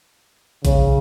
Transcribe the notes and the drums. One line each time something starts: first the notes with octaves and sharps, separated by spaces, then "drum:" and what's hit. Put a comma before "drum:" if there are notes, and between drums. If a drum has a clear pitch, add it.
C#3, drum: kick A#1, hi-hat